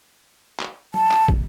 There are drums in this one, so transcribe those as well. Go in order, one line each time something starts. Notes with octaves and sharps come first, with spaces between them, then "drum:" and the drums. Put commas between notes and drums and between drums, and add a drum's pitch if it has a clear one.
drum: clap
A5, drum: tom F#3
drum: clap
drum: kick